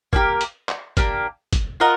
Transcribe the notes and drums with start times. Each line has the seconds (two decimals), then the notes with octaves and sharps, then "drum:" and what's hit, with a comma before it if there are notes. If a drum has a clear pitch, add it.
0.13 A#3 D4 G4 A#4, drum: kick
0.41 drum: hi-hat
0.69 drum: clap
0.97 A#3 D4 G4 A#4, drum: kick, hi-hat
1.53 drum: kick, hi-hat
1.80 F4 A#4 D#5 F#5